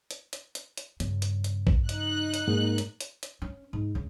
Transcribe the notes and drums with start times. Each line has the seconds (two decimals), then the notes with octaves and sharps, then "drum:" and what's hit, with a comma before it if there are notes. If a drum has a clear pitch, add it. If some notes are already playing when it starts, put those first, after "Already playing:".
0.11 drum: hi-hat
0.33 drum: hi-hat
0.55 drum: hi-hat
0.77 drum: hi-hat
1.00 G2 C#3, drum: hi-hat
1.22 drum: hi-hat
1.44 drum: hi-hat
1.67 drum: kick
1.89 D#4 F#6, drum: hi-hat
2.34 drum: hi-hat
2.48 G#2 A#3
2.78 drum: hi-hat
3.00 drum: hi-hat
3.23 drum: hi-hat
3.42 C#4
3.73 G#2
3.95 C#2